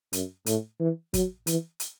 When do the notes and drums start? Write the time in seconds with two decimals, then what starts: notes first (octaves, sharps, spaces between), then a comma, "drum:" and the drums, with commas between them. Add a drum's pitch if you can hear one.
0.13 F#2, drum: hi-hat
0.46 A2, drum: hi-hat
0.80 E3
1.14 F#3, drum: kick G1, hi-hat
1.47 E3, drum: hi-hat
1.80 drum: hi-hat